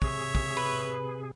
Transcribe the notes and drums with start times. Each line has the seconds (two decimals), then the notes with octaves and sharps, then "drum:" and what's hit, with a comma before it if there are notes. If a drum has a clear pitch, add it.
0.02 C3 G#4 C#5 E5, drum: kick
0.35 drum: kick
0.57 B4